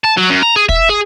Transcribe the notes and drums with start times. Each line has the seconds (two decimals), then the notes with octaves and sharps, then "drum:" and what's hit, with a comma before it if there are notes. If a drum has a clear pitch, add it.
0.04 A5
0.17 F#3
0.30 F#2
0.43 A#5
0.56 G#4
0.69 E5, drum: kick
0.89 G#4